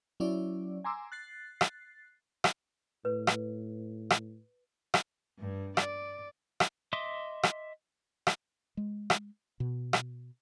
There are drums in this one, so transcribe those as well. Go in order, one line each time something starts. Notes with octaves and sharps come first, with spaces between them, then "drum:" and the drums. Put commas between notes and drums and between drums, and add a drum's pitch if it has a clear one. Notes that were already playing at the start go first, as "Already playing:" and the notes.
F#3 C#4 E4 D5
G#5 A#5 C6 D6 E6
F#6 A6 C7
drum: rim click
drum: rim click
A2 B4
drum: rim click
drum: rim click
drum: rim click
G2
D5, drum: rim click
drum: rim click
D#5 E5 C6 D6 D#6
drum: rim click
drum: rim click
G#3
drum: rim click
B2
drum: rim click